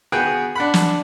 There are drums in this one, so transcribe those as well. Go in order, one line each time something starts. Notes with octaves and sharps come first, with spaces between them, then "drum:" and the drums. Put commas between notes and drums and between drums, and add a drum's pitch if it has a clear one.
B3 F#4 G#4 B4 F#5 G5
D4 F#5 B5
drum: snare